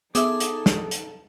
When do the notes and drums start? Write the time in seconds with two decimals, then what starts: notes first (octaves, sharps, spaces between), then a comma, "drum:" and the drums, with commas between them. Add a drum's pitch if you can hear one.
0.15 B3 D#4 G#4 A4 E5 D6, drum: hi-hat
0.40 drum: hi-hat
0.66 drum: snare
0.91 drum: hi-hat